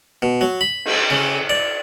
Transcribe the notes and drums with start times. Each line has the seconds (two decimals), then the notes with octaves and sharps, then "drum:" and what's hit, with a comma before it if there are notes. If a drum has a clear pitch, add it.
0.22 B2
0.41 F#3
0.61 B5
0.85 drum: cymbal
1.10 C#3
1.49 D5